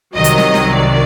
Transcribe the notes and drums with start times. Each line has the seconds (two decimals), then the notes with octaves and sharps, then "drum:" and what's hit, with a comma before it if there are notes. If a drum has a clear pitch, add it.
0.14 C2 C3 D#3 F#3 D#5
0.24 drum: hi-hat
0.38 drum: snare
0.54 drum: snare
0.74 D5